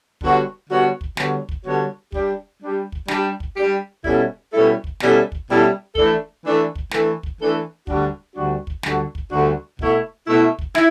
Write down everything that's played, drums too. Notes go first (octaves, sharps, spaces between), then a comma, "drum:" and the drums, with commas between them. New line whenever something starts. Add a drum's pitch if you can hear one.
D3 G3 B3 F#4 C#5, drum: kick
D3 G3 B3 F#4 C#5
drum: kick
D3 G3 B3 F#4 C#5, drum: snare
drum: kick
D3 G3 B3 F#4 C#5
G3 D4 G4, drum: kick
G3 D4 G4
drum: kick
G3 D4 G4, drum: snare
drum: kick
G3 D4 G4
B2 G3 C#4 E4 A4, drum: kick
B2 G3 C#4 E4 A4
drum: kick
B2 G3 C#4 E4 A4, drum: snare
drum: kick
B2 G3 C#4 E4 A4
E3 A3 D4 A4, drum: kick
E3 A3 D4 A4
drum: kick
E3 A3 D4 A4, drum: snare
drum: kick
E3 A3 D4 A4
D2 D3 G3 D4 F#4, drum: kick
D2 D3 G3 D4 F#4
drum: kick
D2 D3 G3 D4 F#4, drum: snare
drum: kick
D2 D3 G3 D4 F#4
B2 A3 E4, drum: kick
B2 A3 E4
drum: kick
E4, drum: snare